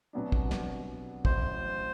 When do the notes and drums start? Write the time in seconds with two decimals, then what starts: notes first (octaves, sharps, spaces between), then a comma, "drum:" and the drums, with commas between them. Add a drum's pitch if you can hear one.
0.13 C2 B2 F#3 B3 D4
0.32 drum: kick
0.51 drum: snare
1.25 A1 A2 F#3 C5, drum: kick